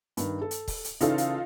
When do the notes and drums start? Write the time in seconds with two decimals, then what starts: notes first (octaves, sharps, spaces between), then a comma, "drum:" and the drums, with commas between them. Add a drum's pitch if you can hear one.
0.17 G2 D#3, drum: hi-hat
0.42 A4
0.51 drum: hi-hat
0.68 drum: kick, open hi-hat
0.84 drum: hi-hat
1.01 C#3 E3 D#4 F4 A4 C#5, drum: hi-hat
1.18 drum: hi-hat